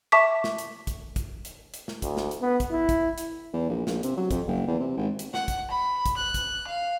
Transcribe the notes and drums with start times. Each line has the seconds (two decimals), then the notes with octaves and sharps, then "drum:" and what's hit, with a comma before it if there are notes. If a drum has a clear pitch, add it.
0.12 E5 A5 C#6 D6 B6
0.44 drum: snare
0.58 drum: hi-hat
0.87 drum: kick, hi-hat
1.16 drum: kick, hi-hat
1.45 drum: hi-hat
1.74 drum: hi-hat
1.88 drum: snare
2.02 D2, drum: kick, hi-hat
2.17 drum: snare
2.31 drum: hi-hat
2.41 B3
2.60 drum: kick, hi-hat
2.71 E4
2.89 drum: kick, hi-hat
3.18 drum: hi-hat
3.53 E2
3.69 A#1
3.87 A#1, drum: snare
4.03 C3, drum: hi-hat
4.17 F#3
4.31 F2, drum: kick, hi-hat
4.47 F#1
4.67 E2
4.79 C3
4.97 G#1
5.19 drum: hi-hat
5.34 F#5, drum: snare
5.48 drum: kick, hi-hat
5.71 B5
6.06 drum: kick, hi-hat
6.17 F#6
6.34 drum: kick, hi-hat
6.67 F5